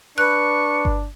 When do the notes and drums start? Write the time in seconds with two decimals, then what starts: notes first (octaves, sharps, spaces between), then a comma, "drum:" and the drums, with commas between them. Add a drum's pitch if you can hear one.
0.18 D4 B4 C#6 F#6
0.85 drum: kick G1